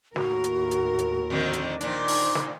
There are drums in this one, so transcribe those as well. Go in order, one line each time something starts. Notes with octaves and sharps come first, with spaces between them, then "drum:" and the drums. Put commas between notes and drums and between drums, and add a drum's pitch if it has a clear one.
D#2 A2 F#4 A#4, drum: snare
drum: hi-hat
drum: hi-hat
drum: hi-hat
F2 D3 D#3
drum: hi-hat
A#2 D#3 D4 C5, drum: hi-hat
drum: open hi-hat
drum: snare